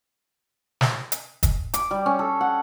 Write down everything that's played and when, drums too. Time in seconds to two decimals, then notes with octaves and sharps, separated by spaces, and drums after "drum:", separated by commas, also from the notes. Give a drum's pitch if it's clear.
0.81 drum: snare
1.12 drum: hi-hat
1.43 drum: kick, hi-hat
1.74 D6, drum: hi-hat
1.91 G3
2.06 C#4
2.19 A4
2.41 F#5